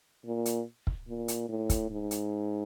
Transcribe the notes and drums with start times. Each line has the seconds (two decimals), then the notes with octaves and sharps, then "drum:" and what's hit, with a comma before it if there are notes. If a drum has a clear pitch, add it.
0.25 A#2
0.46 drum: hi-hat
0.87 drum: kick
1.08 A#2
1.28 drum: hi-hat
1.49 A2
1.69 drum: kick, hi-hat
1.90 G#2
2.11 drum: hi-hat